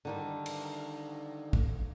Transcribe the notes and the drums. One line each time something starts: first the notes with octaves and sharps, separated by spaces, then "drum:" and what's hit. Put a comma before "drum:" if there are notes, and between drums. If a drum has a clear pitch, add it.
D3 D#3 G3
drum: cymbal
drum: kick